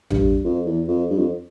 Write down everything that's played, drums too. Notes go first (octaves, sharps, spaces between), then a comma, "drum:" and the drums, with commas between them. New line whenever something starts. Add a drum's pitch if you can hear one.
G2, drum: tom A1
F2
E2
F2
G2
F2